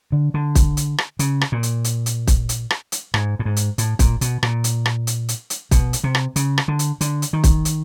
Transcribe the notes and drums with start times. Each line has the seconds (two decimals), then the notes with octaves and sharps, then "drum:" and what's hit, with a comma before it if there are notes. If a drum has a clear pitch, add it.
0.12 D3
0.34 D3
0.55 drum: kick, hi-hat
0.77 drum: hi-hat
0.98 drum: rim click
1.19 C#3, drum: hi-hat
1.41 drum: rim click
1.52 A#2
1.63 drum: hi-hat
1.84 drum: hi-hat
2.06 drum: hi-hat
2.27 drum: kick, hi-hat
2.49 drum: hi-hat
2.70 drum: rim click
2.92 drum: hi-hat
3.14 G#2, drum: rim click
3.39 A2
3.45 G#2
3.56 drum: hi-hat
3.78 A2, drum: hi-hat
3.99 A#2, drum: kick, hi-hat
4.21 B2, drum: hi-hat
4.43 A#2, drum: rim click
4.64 drum: hi-hat
4.86 drum: rim click
5.07 drum: hi-hat
5.29 drum: hi-hat
5.50 drum: hi-hat
5.71 B2, drum: kick, hi-hat
5.93 drum: hi-hat
6.04 C3
6.15 drum: rim click
6.36 C#3, drum: hi-hat
6.58 drum: rim click
6.68 D3
6.79 drum: hi-hat
7.01 D3, drum: hi-hat
7.22 drum: hi-hat
7.33 D#3
7.44 drum: kick, hi-hat
7.65 drum: hi-hat